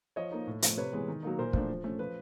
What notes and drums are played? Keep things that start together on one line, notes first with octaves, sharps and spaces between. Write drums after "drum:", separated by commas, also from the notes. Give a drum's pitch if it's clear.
F3 C#5 D#5
A#3 D#4
A2
F3 A3, drum: hi-hat
C3 B4 C#5
E3 G#3 B3
D#3
F#3 A#3 D#4
A#2 A#4 C5
F3 A3 D4, drum: kick
F3
A3 C#4
F3 B4